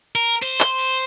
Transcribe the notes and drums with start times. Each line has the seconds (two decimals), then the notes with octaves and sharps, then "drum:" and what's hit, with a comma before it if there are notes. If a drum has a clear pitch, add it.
0.15 A#4
0.42 C5, drum: cymbal
0.61 drum: clap
0.79 drum: cymbal